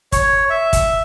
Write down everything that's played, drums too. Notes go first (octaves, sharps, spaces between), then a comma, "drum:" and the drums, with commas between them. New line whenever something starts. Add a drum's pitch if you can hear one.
C#5, drum: kick, hi-hat
E5
drum: kick, hi-hat